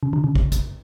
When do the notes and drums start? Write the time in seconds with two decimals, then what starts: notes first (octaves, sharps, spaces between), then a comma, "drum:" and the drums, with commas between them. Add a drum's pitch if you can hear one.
0.03 C#3
0.13 D3
0.24 C#3
0.35 drum: kick
0.52 drum: kick, hi-hat